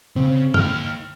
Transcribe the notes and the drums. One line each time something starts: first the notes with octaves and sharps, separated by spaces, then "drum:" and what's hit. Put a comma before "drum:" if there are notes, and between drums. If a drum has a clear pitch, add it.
C#3 C4
A#3 G5 F6, drum: tom